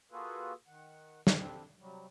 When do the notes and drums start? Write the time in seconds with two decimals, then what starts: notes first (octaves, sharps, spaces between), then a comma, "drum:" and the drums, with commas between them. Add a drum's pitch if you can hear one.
0.11 A#3 F4 F#4 G#4 A4 B4
0.67 D#3 F#5
1.27 drum: snare
1.36 D3 G3 C4 D4
1.79 C3 F#3 G3